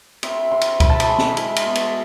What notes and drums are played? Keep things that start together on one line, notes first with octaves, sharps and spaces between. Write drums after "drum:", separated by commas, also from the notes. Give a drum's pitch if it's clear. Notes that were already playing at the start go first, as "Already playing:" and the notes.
C4 E5, drum: cymbal
C3 C6
drum: cymbal
E4 B5, drum: kick C#2, cymbal
A5
B5, drum: cymbal
G#3
drum: snare C4
E4, drum: cymbal
drum: cymbal
B2
drum: cymbal